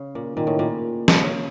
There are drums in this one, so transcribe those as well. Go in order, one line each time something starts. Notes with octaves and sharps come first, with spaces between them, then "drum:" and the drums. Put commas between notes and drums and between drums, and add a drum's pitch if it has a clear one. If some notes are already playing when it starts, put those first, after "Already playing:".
Already playing: C#3
A#2
A#2 D#3
A2
A#2
drum: snare
C#3